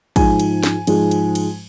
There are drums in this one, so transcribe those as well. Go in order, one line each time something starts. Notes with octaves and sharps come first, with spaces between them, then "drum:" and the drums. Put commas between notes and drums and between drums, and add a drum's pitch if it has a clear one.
G#2 F3 G#3 G#5, drum: kick, cymbal
drum: cymbal
drum: snare
G#2 F3 G#3, drum: cymbal
drum: cymbal
drum: cymbal